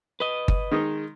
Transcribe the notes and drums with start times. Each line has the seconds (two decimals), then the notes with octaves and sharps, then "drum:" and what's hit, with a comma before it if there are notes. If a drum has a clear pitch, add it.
0.20 B4 D#5
0.48 drum: kick G1
0.71 D#3 G#3 D#4